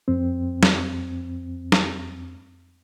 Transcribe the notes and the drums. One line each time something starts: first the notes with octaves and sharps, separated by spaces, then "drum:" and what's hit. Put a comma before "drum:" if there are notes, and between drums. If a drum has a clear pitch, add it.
F2 C4
drum: snare
drum: snare